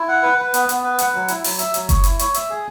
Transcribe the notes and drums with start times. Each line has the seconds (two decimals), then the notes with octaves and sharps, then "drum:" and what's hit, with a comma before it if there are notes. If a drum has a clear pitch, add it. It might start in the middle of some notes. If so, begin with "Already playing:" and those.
Already playing: E4
0.08 F#5
0.23 B4
0.38 B4
0.54 B3, drum: hi-hat
0.69 B3, drum: hi-hat
0.84 B4
0.99 F#5, drum: hi-hat
1.14 F#3
1.28 E4, drum: hi-hat
1.44 F#3, drum: open hi-hat
1.59 E5, drum: hi-hat
1.74 F#3, drum: hi-hat
1.89 C#5, drum: kick F#1, hi-hat
2.04 E4, drum: hi-hat
2.19 C#5, drum: hi-hat
2.34 E5, drum: hi-hat
2.50 G#4